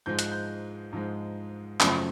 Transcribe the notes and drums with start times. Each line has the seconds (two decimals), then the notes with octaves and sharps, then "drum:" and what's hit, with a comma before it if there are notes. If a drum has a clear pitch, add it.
0.06 G#2 F3 G#3 G6
0.19 F#6, drum: hi-hat
0.32 G6
0.93 G#2 F3 G#3
1.80 F#2 C#3 F3 A3, drum: clap